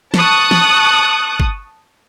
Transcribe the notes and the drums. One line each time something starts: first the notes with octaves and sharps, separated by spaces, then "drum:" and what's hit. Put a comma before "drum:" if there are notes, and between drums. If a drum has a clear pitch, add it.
A5 C#6 D#6 F#6, drum: snare
drum: snare
drum: kick